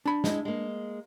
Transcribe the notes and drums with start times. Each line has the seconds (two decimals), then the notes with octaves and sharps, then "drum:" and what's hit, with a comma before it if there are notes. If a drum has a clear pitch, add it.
0.06 D4 B5
0.24 G#3 E4, drum: snare
0.45 G#3 A#3